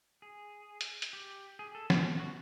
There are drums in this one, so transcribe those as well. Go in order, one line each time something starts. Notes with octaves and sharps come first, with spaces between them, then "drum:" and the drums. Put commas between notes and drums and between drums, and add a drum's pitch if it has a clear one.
G#4
drum: hi-hat
drum: hi-hat
G4
G#4
A4
G#4, drum: snare
F#4